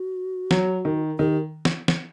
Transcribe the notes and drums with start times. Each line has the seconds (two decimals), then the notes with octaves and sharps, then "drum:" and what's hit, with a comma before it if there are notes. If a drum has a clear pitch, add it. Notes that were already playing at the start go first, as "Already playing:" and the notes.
Already playing: F#4
0.51 F#3, drum: snare
0.85 D#3
1.19 D#3 G4
1.65 drum: snare
1.88 drum: snare